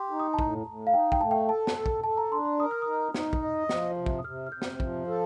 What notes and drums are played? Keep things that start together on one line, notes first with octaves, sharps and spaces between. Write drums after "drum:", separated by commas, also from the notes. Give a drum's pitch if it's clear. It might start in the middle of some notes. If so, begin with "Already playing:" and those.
Already playing: G4 C6
D#4
D#6
A5
A2 A#5, drum: kick
A2
F5
D#4 G5
G5, drum: kick
A3 A5
G5
A4 A5
drum: snare
A4
drum: kick
A4 A5
A#5
D4 C6
C6
A#4 D#6
F6
D#4 D#6
D#4, drum: snare
drum: kick
D#5
F3, drum: snare
C3
drum: kick
D#6
C3 F6
F6
C3 G6
drum: snare
F3, drum: kick
A4